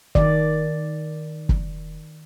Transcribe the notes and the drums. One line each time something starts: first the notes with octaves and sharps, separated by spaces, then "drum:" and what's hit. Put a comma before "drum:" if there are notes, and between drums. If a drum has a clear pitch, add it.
D#3 D5, drum: kick
drum: kick